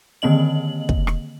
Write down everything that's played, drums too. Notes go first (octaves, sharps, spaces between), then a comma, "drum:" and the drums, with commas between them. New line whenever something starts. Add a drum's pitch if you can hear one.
D3 D#3 A#3 C4 D#5 F#7
drum: kick
drum: rim click